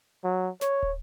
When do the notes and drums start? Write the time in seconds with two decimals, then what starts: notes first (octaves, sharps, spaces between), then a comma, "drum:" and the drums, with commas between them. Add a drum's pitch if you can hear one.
0.24 F#3
0.61 C#5, drum: snare
0.83 drum: kick